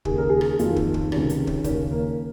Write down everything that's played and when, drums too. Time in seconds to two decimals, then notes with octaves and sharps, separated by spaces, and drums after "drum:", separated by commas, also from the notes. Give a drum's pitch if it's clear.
0.05 D#2 C#3 G#4, drum: kick
0.18 A#4
0.29 G#4
0.41 drum: rim click
0.59 F2 D#3 F4, drum: hi-hat
0.76 drum: kick
0.94 drum: kick
1.12 C#2 C3 D#3 C#4, drum: rim click
1.29 drum: hi-hat
1.47 drum: kick
1.64 D#2 C#3 C#4, drum: kick, hi-hat
1.91 A#3